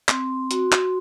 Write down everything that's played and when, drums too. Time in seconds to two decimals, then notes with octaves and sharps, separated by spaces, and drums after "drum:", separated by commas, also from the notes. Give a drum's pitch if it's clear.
0.09 C4 C6, drum: clap
0.51 F#4, drum: hi-hat
0.72 drum: clap